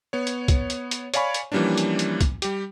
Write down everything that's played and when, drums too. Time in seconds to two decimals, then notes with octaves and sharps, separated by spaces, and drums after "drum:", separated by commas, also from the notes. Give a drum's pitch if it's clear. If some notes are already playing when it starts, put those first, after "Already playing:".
0.13 B3 C#5
0.27 drum: hi-hat
0.48 drum: kick, hi-hat
0.70 drum: hi-hat
0.91 drum: hi-hat
1.14 C#5 D5 F5 G#5 B5 C#6, drum: hi-hat
1.34 drum: hi-hat
1.52 E3 F3 G3 A#3 C#4 D4
1.78 drum: hi-hat
1.99 drum: hi-hat
2.21 drum: kick, hi-hat
2.42 G3 G4, drum: hi-hat